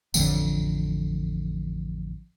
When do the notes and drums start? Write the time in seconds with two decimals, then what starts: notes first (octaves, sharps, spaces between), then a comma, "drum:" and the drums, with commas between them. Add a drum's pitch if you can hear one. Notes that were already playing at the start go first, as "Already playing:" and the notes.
0.14 A1 F2 D3, drum: tambourine